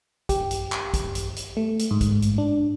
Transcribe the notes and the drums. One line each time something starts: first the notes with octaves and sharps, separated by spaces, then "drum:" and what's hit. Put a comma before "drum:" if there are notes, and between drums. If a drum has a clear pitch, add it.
G4, drum: kick, hi-hat
drum: hi-hat
drum: clap
drum: kick, hi-hat
drum: hi-hat
drum: hi-hat
A3
drum: hi-hat
G#2
drum: kick, hi-hat
drum: hi-hat
D4